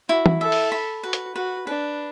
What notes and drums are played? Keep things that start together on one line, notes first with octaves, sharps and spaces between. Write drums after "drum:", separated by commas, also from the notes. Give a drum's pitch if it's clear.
E4 F#4
drum: tom
A4 E5
drum: open hi-hat
B5
F#4 B4
drum: hi-hat
F#4 B4
D4 B4